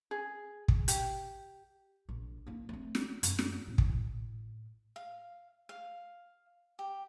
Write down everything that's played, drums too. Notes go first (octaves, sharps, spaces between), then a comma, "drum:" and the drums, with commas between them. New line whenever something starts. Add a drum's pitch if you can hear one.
G#4
drum: kick
G4, drum: hi-hat
A#1
A#3 E4
A3 C4
drum: snare
F#2, drum: hi-hat
drum: snare
A2
drum: kick
F5
F5
G4